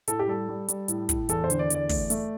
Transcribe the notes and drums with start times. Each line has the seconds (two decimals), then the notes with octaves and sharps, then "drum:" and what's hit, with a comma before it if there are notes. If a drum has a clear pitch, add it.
0.08 A2 A4, drum: hi-hat
0.19 G4
0.28 G3 A4
0.49 G3
0.68 G3, drum: hi-hat
0.88 A2, drum: hi-hat
1.09 A2, drum: kick, hi-hat
1.29 E2 A4, drum: hi-hat
1.44 C5
1.50 D3, drum: hi-hat
1.59 D5
1.70 E2 D5, drum: hi-hat
1.89 A3, drum: kick, open hi-hat
2.10 A3, drum: hi-hat